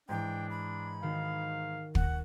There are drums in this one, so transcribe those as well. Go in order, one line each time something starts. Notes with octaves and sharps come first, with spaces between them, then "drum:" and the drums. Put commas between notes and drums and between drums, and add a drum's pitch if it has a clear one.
G#2 E3 D4 G5
B5
D#3 F#4 F5
F#5, drum: kick